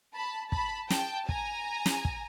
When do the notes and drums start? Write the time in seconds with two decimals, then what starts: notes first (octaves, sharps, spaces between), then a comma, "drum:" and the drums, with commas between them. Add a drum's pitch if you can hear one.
0.14 A5 B5
0.52 A5 B5, drum: kick
0.90 G5 A5, drum: snare
1.29 G#5 A#5, drum: kick
1.86 drum: snare
2.05 drum: kick